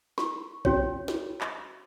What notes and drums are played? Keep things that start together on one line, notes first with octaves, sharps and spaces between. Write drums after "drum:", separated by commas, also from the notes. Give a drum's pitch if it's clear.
C#6, drum: snare
C#4 F#4 C#5, drum: kick B1
drum: snare
drum: clap